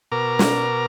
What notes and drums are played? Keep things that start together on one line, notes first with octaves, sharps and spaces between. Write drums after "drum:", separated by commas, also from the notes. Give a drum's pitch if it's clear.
B2 A#4 A#5 D6
drum: snare